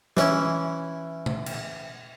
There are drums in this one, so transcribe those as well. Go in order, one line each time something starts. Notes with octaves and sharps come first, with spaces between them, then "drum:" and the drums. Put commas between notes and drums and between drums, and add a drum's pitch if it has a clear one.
E3 C#4 E4, drum: snare
drum: tom C3
drum: cymbal